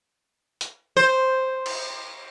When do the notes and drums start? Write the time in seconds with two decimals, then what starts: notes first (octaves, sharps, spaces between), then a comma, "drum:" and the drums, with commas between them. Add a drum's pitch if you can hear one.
0.61 drum: hi-hat
0.97 C5
1.66 drum: cymbal